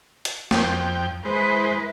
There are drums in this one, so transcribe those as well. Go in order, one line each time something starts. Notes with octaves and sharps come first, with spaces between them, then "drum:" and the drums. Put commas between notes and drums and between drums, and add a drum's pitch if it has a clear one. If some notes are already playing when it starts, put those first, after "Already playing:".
drum: hi-hat
F2 G5, drum: snare
G#3 E4 B4 C5